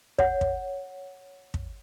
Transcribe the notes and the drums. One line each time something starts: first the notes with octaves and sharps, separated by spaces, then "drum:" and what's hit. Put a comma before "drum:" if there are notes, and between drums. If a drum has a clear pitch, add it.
C#5 F#5, drum: kick
drum: kick
drum: kick